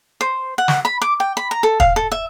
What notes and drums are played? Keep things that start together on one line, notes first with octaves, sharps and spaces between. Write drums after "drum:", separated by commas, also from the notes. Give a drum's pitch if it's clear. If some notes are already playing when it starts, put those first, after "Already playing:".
C5
F#5
drum: snare
B5
D6
G5
B5
A#5
A4
F5, drum: kick
A4
E5